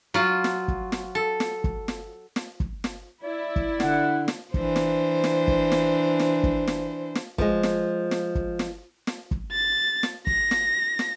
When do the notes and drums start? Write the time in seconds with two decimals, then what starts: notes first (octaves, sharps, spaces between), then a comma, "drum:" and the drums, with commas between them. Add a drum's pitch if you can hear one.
0.14 F#3 F4
0.44 drum: snare
0.68 drum: kick
0.92 drum: snare
1.15 A4
1.40 drum: snare
1.64 drum: kick
1.88 drum: snare
2.36 drum: snare
2.60 drum: kick
2.84 drum: snare
3.23 E4 D5
3.56 drum: kick
3.80 D3 F#5, drum: snare
4.28 drum: snare
4.54 E3 D4 C5, drum: kick
4.76 drum: snare
5.24 drum: snare
5.48 drum: kick
5.72 drum: snare
6.20 drum: snare
6.44 drum: kick
6.67 drum: snare
7.15 drum: snare
7.38 F3 G#3, drum: kick
7.63 drum: snare
8.11 drum: snare
8.35 drum: kick
8.59 drum: snare
9.07 drum: snare
9.31 drum: kick
9.51 A6
10.03 drum: snare
10.27 A#6, drum: kick
10.51 drum: snare
10.99 drum: snare